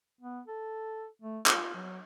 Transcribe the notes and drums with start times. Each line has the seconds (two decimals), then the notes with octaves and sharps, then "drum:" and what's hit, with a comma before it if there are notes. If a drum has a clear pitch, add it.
0.21 B3
0.47 A4
1.22 A3
1.46 F4, drum: clap
1.75 F#3